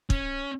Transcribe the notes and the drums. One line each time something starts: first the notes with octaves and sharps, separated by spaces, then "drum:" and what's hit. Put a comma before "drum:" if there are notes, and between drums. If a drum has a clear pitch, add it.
C#4, drum: kick